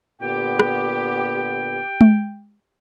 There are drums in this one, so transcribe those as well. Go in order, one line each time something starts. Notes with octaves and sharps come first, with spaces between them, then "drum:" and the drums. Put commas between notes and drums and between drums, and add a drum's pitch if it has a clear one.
A#2 D3 B3 G4 G5
drum: rim click
drum: tom G#3